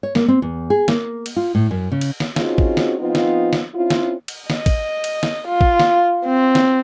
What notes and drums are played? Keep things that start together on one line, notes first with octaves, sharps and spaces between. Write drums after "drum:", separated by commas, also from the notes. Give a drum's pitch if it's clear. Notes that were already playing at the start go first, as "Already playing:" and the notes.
C#5
A#3, drum: snare
C4
E2
G#4
A#3, drum: snare
drum: cymbal
F4
A2
F#2
C#3
drum: cymbal
drum: snare
C4 C#4 D#4 F4 F#4 G#4, drum: snare
drum: kick
drum: snare
F3 B3 C4 D#4 F4
drum: snare
drum: snare
C4 C#4 E4 F4
drum: snare
drum: cymbal
D#5, drum: snare
drum: kick, cymbal
drum: cymbal
drum: snare
F4
drum: kick
drum: snare
C4
drum: snare